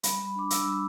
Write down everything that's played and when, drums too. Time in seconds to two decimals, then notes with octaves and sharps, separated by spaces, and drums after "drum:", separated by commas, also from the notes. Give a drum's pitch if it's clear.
0.03 G3 B5, drum: hi-hat
0.16 B5
0.19 G3
0.27 B5
0.35 D4 D6
0.50 D4 E6, drum: hi-hat
0.66 G3